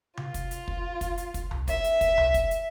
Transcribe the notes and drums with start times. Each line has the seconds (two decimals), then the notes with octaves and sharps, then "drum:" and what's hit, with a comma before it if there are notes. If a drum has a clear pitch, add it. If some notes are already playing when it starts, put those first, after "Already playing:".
0.17 F4, drum: tom C3
0.34 drum: kick, hi-hat
0.51 drum: hi-hat
0.68 drum: kick
1.01 drum: kick, hi-hat
1.18 drum: hi-hat
1.34 drum: kick, hi-hat
1.51 drum: tom C2
1.68 E5, drum: kick, hi-hat
1.84 drum: hi-hat
2.01 drum: kick, hi-hat
2.18 drum: tom C2
2.34 drum: kick, hi-hat
2.51 drum: hi-hat